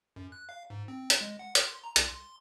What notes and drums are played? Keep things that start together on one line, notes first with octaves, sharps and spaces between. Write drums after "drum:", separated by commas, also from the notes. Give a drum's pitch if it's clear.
F#2
F#6
F5
G#2
C4
drum: hi-hat
G#3
F#5
A#4, drum: hi-hat
C6
A#5
C2, drum: hi-hat
C6